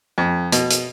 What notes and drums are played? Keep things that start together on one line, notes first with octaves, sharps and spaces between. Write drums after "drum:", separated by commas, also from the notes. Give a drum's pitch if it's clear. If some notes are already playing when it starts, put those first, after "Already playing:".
F2
B2, drum: hi-hat
drum: hi-hat